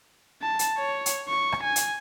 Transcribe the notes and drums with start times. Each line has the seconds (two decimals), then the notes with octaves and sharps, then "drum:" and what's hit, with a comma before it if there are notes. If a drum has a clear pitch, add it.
0.42 A5
0.59 drum: hi-hat
0.78 C#5
1.06 drum: hi-hat
1.29 C#6
1.52 drum: rim click
1.63 G#5
1.76 drum: hi-hat